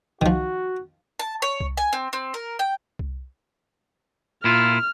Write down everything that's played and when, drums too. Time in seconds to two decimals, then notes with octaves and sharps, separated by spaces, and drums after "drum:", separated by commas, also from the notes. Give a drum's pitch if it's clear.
0.21 D#3 F3 F#4, drum: kick C2
1.19 A5
1.42 C#5
1.60 drum: kick C2
1.77 G#5
1.93 C4
2.13 C4
2.34 A#4
2.59 G5
2.99 drum: kick C2
4.44 A#2 E4 F4 F6